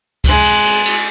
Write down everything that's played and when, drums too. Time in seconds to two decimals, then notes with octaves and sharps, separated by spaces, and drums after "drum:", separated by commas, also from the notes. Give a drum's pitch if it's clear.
0.24 G#3 F#6, drum: kick C#2, cymbal
0.45 drum: cymbal
0.65 drum: cymbal
0.86 drum: cymbal